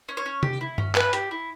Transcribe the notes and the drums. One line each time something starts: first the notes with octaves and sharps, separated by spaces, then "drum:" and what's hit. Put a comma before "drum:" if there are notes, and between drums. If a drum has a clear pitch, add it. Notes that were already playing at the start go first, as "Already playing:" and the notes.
C#4
C#5
C#4
G4, drum: tom C3
E4
C#4, drum: tom G2
C#4 B4, drum: clap
G4, drum: hi-hat
E4